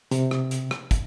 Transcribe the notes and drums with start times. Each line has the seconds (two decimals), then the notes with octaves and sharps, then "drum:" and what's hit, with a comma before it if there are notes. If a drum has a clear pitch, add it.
0.11 C3, drum: hi-hat
0.31 drum: rim click
0.51 drum: hi-hat
0.71 drum: rim click
0.91 drum: kick, hi-hat